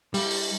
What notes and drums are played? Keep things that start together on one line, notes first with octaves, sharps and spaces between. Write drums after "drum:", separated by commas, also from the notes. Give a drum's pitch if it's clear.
G3, drum: open hi-hat
drum: open hi-hat